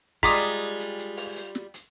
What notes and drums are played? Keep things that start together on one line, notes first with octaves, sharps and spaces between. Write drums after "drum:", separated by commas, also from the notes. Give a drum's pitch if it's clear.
G3 G#3 F4 A#5 D6 D#6 B6, drum: kick
drum: hi-hat
drum: hi-hat
drum: hi-hat
drum: open hi-hat
drum: hi-hat
drum: snare
drum: hi-hat